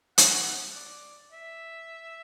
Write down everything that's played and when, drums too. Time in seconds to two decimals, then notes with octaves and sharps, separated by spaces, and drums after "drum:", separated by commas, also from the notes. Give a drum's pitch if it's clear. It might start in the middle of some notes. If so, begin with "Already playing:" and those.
0.18 F#5, drum: hi-hat
0.76 D5
1.33 E5